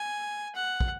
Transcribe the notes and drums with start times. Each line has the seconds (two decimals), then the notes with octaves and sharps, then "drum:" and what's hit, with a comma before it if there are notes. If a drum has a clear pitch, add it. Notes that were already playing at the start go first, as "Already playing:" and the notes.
Already playing: G#5
0.55 F#5
0.80 drum: kick